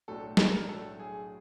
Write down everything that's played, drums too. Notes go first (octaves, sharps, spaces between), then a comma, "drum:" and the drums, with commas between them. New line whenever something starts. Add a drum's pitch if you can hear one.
B1 A2 F#3 A3 D4 A4
A4, drum: snare
A#4
B1 A2 F#3 A3 D4 A4
G#4